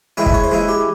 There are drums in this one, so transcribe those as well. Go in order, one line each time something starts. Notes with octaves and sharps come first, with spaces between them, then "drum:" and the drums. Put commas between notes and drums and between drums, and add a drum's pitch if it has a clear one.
E3 G#3 C#4 E4 G5
E5, drum: kick
C#5
C5
E3 G#3 C#4 E4
G4